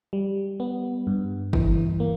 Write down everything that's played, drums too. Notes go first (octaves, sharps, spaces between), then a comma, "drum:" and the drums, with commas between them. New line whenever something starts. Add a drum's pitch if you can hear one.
G3
B3
G2
E3, drum: kick
A#3